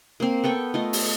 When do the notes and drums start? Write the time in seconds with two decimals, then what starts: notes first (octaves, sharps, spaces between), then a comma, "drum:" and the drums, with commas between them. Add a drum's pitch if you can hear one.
0.20 A#3 C4
0.44 B3 A4 G5 C#6
0.74 A3 F4 D#5
0.93 drum: open hi-hat